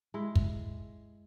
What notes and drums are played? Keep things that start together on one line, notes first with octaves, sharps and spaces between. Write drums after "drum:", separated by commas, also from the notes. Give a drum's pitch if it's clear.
G#3 E4
drum: kick